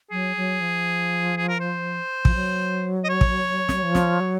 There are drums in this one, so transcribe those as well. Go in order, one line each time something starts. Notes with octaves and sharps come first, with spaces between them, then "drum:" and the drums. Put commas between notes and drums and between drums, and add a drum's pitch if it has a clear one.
F#3 G#4
F#3
F3
G#4
A#4
C5
F3, drum: kick
F#3
D#5
C#5
drum: kick
drum: snare
F3
drum: snare
F#3